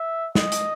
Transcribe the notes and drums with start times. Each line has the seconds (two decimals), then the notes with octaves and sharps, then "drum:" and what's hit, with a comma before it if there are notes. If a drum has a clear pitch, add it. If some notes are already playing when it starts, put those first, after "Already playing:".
Already playing: E5
0.35 D#5, drum: snare
0.52 drum: hi-hat